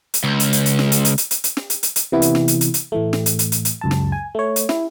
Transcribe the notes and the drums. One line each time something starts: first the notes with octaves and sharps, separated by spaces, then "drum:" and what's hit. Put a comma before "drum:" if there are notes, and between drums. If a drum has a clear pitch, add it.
drum: hi-hat
C#2
drum: hi-hat
drum: hi-hat
drum: hi-hat
drum: snare
drum: hi-hat
drum: hi-hat
drum: hi-hat
drum: hi-hat
drum: hi-hat
drum: snare
drum: hi-hat
drum: hi-hat
drum: hi-hat
C3 E3 B3 E4
drum: hi-hat
drum: snare
drum: hi-hat
drum: hi-hat
drum: hi-hat
A2 E3 A3
drum: snare
drum: hi-hat
drum: hi-hat
drum: hi-hat
drum: hi-hat
C#2 F#2 A5
drum: snare
G#5
A3 C#5
drum: hi-hat
E4, drum: snare